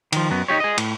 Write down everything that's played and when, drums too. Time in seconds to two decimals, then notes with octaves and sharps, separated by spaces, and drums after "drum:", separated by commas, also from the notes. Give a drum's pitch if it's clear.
0.12 D#3 F3, drum: cymbal
0.30 F#2 F#3 B3
0.48 D#4 F4 G4 C#5
0.60 G#4 D#5
0.77 A2, drum: cymbal